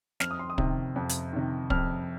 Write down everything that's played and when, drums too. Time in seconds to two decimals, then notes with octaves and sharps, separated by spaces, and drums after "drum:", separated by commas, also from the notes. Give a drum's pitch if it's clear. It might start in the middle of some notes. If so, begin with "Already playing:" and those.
0.20 F2 F6, drum: snare
0.31 D#6
0.39 C6
0.50 D#6
0.58 C3 D#3, drum: kick
0.96 F2
1.09 drum: hi-hat
1.33 C3 D#3
1.70 F2 F6, drum: kick